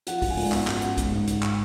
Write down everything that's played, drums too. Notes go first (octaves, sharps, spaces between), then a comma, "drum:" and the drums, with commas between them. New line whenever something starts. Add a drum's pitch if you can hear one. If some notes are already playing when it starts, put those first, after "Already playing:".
F3 F#5, drum: hi-hat
F3, drum: kick, open hi-hat
G#5
G#2, drum: open hi-hat
B3 F#5, drum: clap
F#2, drum: clap
F#5
F#2, drum: hi-hat
G#2 F#5, drum: kick, hi-hat
G#2
G#2, drum: hi-hat
drum: clap